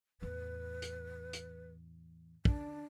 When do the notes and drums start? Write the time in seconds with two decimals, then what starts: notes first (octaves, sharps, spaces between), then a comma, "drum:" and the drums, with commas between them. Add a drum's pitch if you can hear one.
0.22 E2 A2 B4
0.82 drum: hi-hat
1.33 drum: hi-hat
2.45 D3 C#4 D4, drum: kick